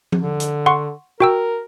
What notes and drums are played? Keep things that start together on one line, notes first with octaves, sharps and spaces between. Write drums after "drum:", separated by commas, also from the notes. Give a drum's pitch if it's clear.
drum: tom F3
D3
drum: hi-hat
F#5 C6 C#6
F#4 A#4 G5 E6